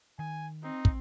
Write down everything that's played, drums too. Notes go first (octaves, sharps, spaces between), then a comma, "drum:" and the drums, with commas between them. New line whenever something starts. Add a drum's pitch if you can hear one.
D#3 G#5
C4 D#4
drum: kick